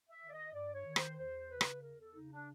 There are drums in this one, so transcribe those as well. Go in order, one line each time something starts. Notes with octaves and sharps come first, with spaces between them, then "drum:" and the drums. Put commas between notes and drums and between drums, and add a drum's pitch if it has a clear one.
E5
D#3
D5
D#5
G2 D5
C#5
D#3
C5, drum: rim click
E2 C5
C#3 B4
drum: rim click
E2 A#4
A4
C#3 D#4
D4